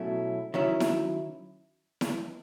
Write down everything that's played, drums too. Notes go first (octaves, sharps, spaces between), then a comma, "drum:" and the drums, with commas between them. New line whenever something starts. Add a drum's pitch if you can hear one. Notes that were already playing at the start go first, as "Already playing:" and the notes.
Already playing: B2 F#3 A3 C#4 E4
D#3 F#3 C#4 E4
drum: snare E4
drum: snare E4